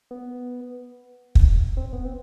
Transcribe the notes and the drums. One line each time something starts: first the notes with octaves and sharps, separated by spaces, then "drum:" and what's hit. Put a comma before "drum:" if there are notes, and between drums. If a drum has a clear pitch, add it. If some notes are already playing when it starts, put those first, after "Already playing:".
B3
drum: kick
C4
B3
C4